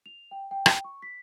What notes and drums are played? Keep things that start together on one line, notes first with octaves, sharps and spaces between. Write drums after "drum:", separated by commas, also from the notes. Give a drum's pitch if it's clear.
F7
G5
G5
drum: rim click
C#6
B6